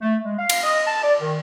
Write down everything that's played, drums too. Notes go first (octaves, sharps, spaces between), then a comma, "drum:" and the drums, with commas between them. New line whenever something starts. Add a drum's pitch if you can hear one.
A3
G#3
F5
drum: cymbal
D#5
A5
D5
D#3